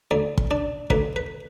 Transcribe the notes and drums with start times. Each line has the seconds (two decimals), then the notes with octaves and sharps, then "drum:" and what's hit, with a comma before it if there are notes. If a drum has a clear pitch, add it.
0.11 D2 D5
0.38 drum: kick
0.51 D4 D5
0.90 D2 B4, drum: kick
1.16 B4